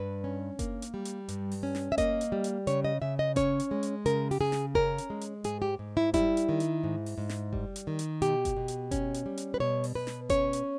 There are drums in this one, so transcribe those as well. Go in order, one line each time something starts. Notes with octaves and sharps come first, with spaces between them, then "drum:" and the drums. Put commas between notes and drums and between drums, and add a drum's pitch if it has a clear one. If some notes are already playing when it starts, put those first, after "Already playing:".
Already playing: G2 B4
C#4
A#3, drum: kick F#1, hi-hat
drum: hi-hat
G3
drum: hi-hat
G2, drum: hi-hat
drum: open hi-hat
C#4
drum: snare
E5
A#3 D#5, drum: kick F#1, hi-hat
drum: hi-hat
G3
drum: hi-hat
C#3 C#5, drum: hi-hat
D#5
C#3 E5
D#5
C#4 C#5, drum: kick F#1, hi-hat
drum: hi-hat
G#3
drum: hi-hat
C#3 A#4, drum: hi-hat
G4, drum: open hi-hat
C#3 G#4
drum: snare
C#4 A#4, drum: kick F#1
drum: hi-hat
G#3
drum: hi-hat
G#2 G#4, drum: hi-hat
G4
G#2
E4
G3 E4, drum: kick F#1, hi-hat
drum: hi-hat
D#3
drum: hi-hat
G#2
drum: open hi-hat
G#2
drum: snare
G3, drum: kick F#1
drum: hi-hat
D#3
drum: hi-hat
B2 G4, drum: hi-hat
drum: kick F#1, hi-hat
B2
drum: hi-hat
C#4, drum: kick F#1, hi-hat
drum: hi-hat
G3
drum: hi-hat
B4
B2 C#5
drum: open hi-hat
B2 B4
drum: snare
C#4 C#5, drum: kick F#1, hi-hat
drum: hi-hat